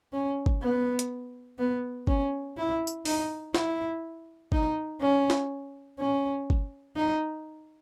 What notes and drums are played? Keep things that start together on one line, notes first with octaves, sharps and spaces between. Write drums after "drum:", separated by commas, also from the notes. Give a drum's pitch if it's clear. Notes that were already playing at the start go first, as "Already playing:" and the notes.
C#4
drum: kick
B3
drum: hi-hat
B3
C#4, drum: kick
E4
drum: tambourine
D#4, drum: open hi-hat
E4, drum: snare
D#4, drum: kick
C#4
drum: snare
C#4
drum: kick
D#4